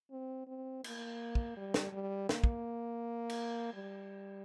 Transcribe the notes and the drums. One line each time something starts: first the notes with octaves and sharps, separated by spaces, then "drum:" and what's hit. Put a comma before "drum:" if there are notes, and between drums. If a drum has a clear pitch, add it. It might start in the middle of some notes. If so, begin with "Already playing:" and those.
C4
C4
A#3, drum: cymbal
drum: kick
G3
drum: snare
G3
A#3, drum: snare
drum: kick
drum: cymbal
G3